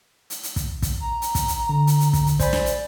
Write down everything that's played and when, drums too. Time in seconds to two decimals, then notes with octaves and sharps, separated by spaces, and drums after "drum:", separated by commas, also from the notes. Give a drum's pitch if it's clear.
0.30 drum: hi-hat
0.43 drum: hi-hat
0.56 drum: kick, hi-hat
0.82 drum: kick, hi-hat
1.01 A#5
1.22 drum: hi-hat
1.35 drum: kick, hi-hat
1.48 drum: hi-hat
1.69 D3
1.87 drum: hi-hat
2.00 drum: hi-hat
2.13 drum: kick, hi-hat
2.26 drum: hi-hat
2.40 C5 D5 G#5 B5, drum: kick, hi-hat
2.53 drum: snare
2.66 drum: hi-hat